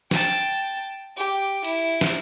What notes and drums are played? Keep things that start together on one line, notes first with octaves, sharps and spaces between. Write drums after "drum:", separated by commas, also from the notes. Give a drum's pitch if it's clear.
G5 A5, drum: snare
G4
E4, drum: cymbal
drum: snare